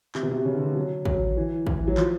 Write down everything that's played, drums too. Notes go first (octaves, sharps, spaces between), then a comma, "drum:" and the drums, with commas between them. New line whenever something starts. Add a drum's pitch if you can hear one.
C3, drum: clap
B2
C3
C#3
D3
C3
F#3
F#3, drum: kick
E3
E3, drum: kick
F#3
F3, drum: clap